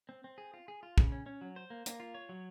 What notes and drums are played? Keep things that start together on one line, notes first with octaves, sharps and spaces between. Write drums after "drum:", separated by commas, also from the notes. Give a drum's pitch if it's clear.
C4
C4
G#4
F4
G#4
F4
C#3, drum: kick
C#4
C#4
F#3
C5
A#3
A#3, drum: hi-hat
F4
C#5
F#3